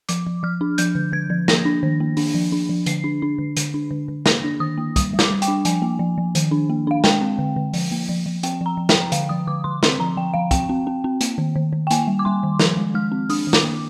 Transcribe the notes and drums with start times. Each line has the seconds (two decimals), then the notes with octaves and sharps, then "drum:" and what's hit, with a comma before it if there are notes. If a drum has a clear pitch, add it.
0.09 F3 D6, drum: hi-hat
0.27 F3
0.43 F3 F6
0.61 D4
0.78 F3 G6, drum: hi-hat
0.95 D3
1.13 D3 G#6
1.30 F3
1.48 A#3 A#6, drum: snare
1.65 D4
1.83 D#3
2.00 A#3
2.17 D4, drum: open hi-hat
2.34 F3
2.52 D4
2.69 F3
2.86 D3 C7, drum: hi-hat
3.04 D4
3.22 D4
3.38 D3
3.57 D3, drum: hi-hat
3.74 D4
3.91 D3
4.08 D3
4.26 A#3 A#6, drum: snare
4.44 D4
4.60 D#3 D#6
4.78 A#3
4.96 G3 D#6, drum: kick, hi-hat
5.13 G3
5.19 D6, drum: snare
5.31 G3
5.42 G5, drum: hi-hat
5.48 D4
5.65 F3 G#5, drum: hi-hat
5.82 A#3
5.99 F3
6.18 F3
6.35 D#3, drum: hi-hat
6.51 D4
6.70 A#3
6.87 D4 F5
7.04 G#3 G5, drum: snare
7.21 C4
7.39 D3
7.56 D3
7.73 F3, drum: open hi-hat
7.91 A#3
8.09 F3
8.26 F3
8.43 C4 G5, drum: hi-hat
8.61 F3 A#5
8.77 F3
8.89 G5, drum: snare
8.95 F3
9.12 D3 F5, drum: hi-hat
9.29 F3 D#6
9.47 D3 D6
9.64 D3 C6
9.83 C4 C6, drum: snare
10.00 F3 A#5
10.17 F3 G5
10.34 F3 F5
10.51 C4 G5, drum: kick, hi-hat
10.69 C4
10.87 C4
11.04 C4
11.21 A#3, drum: hi-hat
11.38 D#3
11.56 D#3
11.73 D#3
11.87 G5
11.91 A#3 G#5, drum: hi-hat
12.07 G3
12.19 D6
12.25 G3 C6
12.43 D#3
12.60 F3, drum: snare
12.77 G#3
12.95 G#3 F6
13.12 C4
13.30 D4 D#6, drum: open hi-hat
13.47 D#3
13.53 D6, drum: snare
13.64 A#3